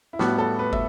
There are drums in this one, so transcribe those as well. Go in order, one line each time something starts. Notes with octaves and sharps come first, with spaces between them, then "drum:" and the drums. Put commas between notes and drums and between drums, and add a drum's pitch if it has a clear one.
E4
A2 G3 B3 F#4, drum: snare
A4
B4
E5, drum: kick